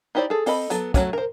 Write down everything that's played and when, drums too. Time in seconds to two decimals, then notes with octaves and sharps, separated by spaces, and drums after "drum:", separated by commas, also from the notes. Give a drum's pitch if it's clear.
0.15 D#4 E4 G4 C5 D5
0.30 G#4 A4
0.46 C4 A4 D#5 B5, drum: open hi-hat
0.70 F#3 B3 A4, drum: hi-hat
0.94 F#3 G3 A3 C#4 F#4, drum: kick, hi-hat
1.13 A#4 C5